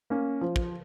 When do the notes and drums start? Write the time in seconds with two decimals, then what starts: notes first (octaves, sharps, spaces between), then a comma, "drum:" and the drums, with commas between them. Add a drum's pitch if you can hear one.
0.10 A#3 C#4
0.41 F3
0.56 drum: kick